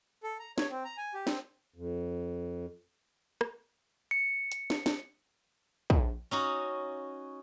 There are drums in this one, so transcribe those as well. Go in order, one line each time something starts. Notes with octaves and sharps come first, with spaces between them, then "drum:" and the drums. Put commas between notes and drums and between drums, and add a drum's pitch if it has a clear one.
A4
A#5
C#5, drum: snare
C4
A#5
G#5
G4
C4, drum: snare
F2
drum: rim click
C#7
drum: hi-hat
drum: snare
drum: snare
drum: kick
C#4 D#4 F#4